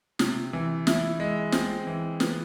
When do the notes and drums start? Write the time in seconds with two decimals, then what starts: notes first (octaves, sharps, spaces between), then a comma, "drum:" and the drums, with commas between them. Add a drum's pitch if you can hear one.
0.19 C3, drum: snare
0.53 E3
0.87 E4, drum: snare
1.20 G#3
1.52 C4, drum: snare
1.87 E3
2.20 B3, drum: snare